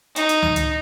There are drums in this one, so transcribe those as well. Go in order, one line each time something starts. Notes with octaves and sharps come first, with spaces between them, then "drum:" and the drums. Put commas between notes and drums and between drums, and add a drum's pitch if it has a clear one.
D#4, drum: hi-hat
drum: hi-hat
drum: tom C#2
drum: hi-hat